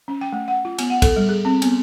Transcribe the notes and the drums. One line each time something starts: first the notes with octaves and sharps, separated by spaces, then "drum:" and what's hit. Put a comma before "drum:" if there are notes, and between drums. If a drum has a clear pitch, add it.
C#4
G5
A3
F#5
F4
B3, drum: cymbal
F#5
A4, drum: kick, cymbal
G3
G#4
C4
B3, drum: cymbal